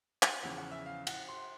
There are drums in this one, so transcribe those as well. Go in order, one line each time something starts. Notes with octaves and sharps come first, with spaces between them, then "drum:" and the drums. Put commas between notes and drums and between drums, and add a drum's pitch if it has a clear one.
drum: clap
E2 C#3 F3 F#5
F#5
E5
F5
F#5, drum: cymbal
C6